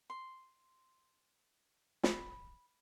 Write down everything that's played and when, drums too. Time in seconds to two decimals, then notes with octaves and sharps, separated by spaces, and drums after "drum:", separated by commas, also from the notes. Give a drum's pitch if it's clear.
0.10 C6
2.03 B5, drum: snare